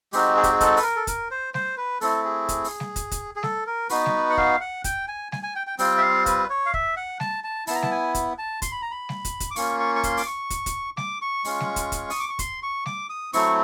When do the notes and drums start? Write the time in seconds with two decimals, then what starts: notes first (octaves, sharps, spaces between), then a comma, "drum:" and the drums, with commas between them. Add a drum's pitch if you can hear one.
0.13 G#3 C4 D#4 F#4 G4, drum: open hi-hat
0.36 G#4
0.43 G4, drum: kick, hi-hat
0.52 G#4
0.61 A4, drum: kick, hi-hat
0.77 B4, drum: open hi-hat
0.83 A#4
0.96 A4
1.07 A#4, drum: kick, hi-hat
1.31 C5
1.54 C5, drum: snare G3
1.77 B4
2.01 A3 C4 E4 A4, drum: open hi-hat
2.24 G#4
2.49 drum: kick, hi-hat
2.64 drum: open hi-hat
2.80 drum: snare G3
2.96 drum: kick, hi-hat
3.11 drum: kick, hi-hat
3.36 G#4
3.43 A4, drum: snare G3
3.66 A#4
3.89 B3 D#4 F#4 B4, drum: open hi-hat
4.06 drum: snare G3
4.30 F#5
4.37 F5, drum: kick
4.60 F#5
4.84 G5, drum: kick, hi-hat
5.08 G#5
5.32 G#5, drum: snare G3
5.43 G#5
5.56 G5
5.67 G5
5.79 G3 C4 F4 G5, drum: open hi-hat
5.98 E5
6.02 F5
6.26 B4, drum: kick, hi-hat
6.50 C#5
6.66 F5
6.74 E5, drum: kick
6.97 F#5
7.20 A5, drum: snare G3
7.44 A5
7.67 B3 E4 A5, drum: open hi-hat
7.75 A#5
7.82 A5, drum: snare G3
7.91 G#5
8.15 drum: kick, hi-hat
8.39 A5
8.62 C6, drum: kick, hi-hat
8.72 B5
8.82 A#5
8.91 B5
9.09 drum: snare G3
9.25 drum: kick, hi-hat
9.40 drum: kick, hi-hat
9.51 D6
9.56 A#3 C#4 F4 C#6, drum: open hi-hat
9.80 C#6
9.95 C#6
10.03 C6, drum: kick, hi-hat
10.17 D6, drum: open hi-hat
10.26 C#6
10.50 drum: kick, hi-hat
10.66 drum: kick, hi-hat
10.97 D6, drum: snare G3
11.22 C#6
11.45 G#3 C#4 F4, drum: open hi-hat
11.60 drum: snare G3
11.76 drum: kick, hi-hat
11.92 drum: kick, hi-hat
12.10 D#6, drum: open hi-hat
12.20 D6
12.29 C#6
12.39 C6, drum: kick, hi-hat
12.63 C#6
12.86 D6, drum: snare G3
13.10 D#6
13.33 F#3 A3 C4 E4 C#6, drum: open hi-hat